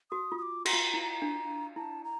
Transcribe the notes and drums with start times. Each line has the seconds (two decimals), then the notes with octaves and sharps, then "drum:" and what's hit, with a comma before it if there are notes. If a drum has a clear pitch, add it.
0.11 F#4 D#6
0.32 F4
0.38 D#6
0.42 D6
0.65 F#4 A#5, drum: cymbal
0.73 F4
0.94 E4
1.22 D4
1.76 E4 A5
2.04 A#5